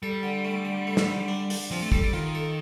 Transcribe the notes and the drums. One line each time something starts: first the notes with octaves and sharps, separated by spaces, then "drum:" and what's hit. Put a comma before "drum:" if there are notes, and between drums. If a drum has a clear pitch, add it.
G3 A4
D3
A3
D3
A3
drum: snare
D3
D4
D4, drum: open hi-hat
F3 C4
A3
G3 A4, drum: kick
G3
D#3 F4
A4